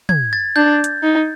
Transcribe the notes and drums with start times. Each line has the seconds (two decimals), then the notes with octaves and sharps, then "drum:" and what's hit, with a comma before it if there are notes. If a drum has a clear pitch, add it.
0.09 G#6, drum: tom
0.33 A6
0.56 D4 G6
0.84 drum: hi-hat
1.03 D#4